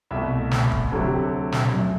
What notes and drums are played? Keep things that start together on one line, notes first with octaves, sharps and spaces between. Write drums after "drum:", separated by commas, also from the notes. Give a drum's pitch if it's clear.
C2 B2 A3 E5
drum: snare
drum: kick
D2 C3 F#3 A4
G4
A4
drum: snare
F#2 F#3 A3